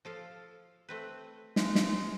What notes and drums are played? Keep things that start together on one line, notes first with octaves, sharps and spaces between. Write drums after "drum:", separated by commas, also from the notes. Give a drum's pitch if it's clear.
F3 A4 F5
A3 C4 B4
G#3, drum: snare
drum: snare